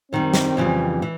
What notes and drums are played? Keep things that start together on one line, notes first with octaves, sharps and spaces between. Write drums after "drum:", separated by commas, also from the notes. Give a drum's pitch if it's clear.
F#2 D#3 G3 C4
drum: snare
F2 C#3 E3 G3
E3